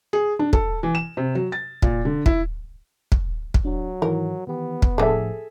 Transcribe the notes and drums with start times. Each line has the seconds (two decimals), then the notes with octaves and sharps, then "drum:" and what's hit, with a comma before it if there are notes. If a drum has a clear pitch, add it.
0.13 G#4
0.39 D4
0.53 A4, drum: kick
0.83 E3
0.95 E7
1.17 C3
1.35 F#3
1.52 A6
1.82 A#2, drum: kick
2.05 D3
2.26 E4, drum: kick
3.12 drum: kick
3.54 drum: kick
3.65 F#3 D4
4.02 G#2 D#3 E3 A#4
4.47 D#3 E3 B3 G4
4.82 drum: kick
4.98 A2 D3 F3 D4 G#4 A4 C5 E5